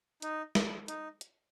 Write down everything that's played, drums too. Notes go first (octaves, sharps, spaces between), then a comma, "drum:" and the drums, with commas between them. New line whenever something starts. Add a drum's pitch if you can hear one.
D#4, drum: hi-hat
drum: snare
D#4, drum: hi-hat
drum: hi-hat